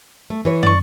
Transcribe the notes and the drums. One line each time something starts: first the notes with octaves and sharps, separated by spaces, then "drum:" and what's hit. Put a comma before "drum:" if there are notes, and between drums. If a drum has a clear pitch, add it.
A3
E3 B4 C#5
D5 C#6, drum: tom